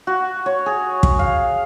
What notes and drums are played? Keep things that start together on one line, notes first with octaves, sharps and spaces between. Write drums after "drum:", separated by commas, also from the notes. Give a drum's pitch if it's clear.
F#4
C#5
G#4
drum: kick
F5